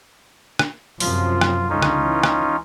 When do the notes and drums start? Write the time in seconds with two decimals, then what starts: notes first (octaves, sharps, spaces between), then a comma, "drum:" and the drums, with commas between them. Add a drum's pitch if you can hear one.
0.59 drum: rim click
1.00 F#2 C3 F3 F4, drum: open hi-hat
1.41 drum: rim click
1.70 C#2 D3 C#4 D#4 F4
1.82 drum: rim click
2.04 E3
2.23 drum: rim click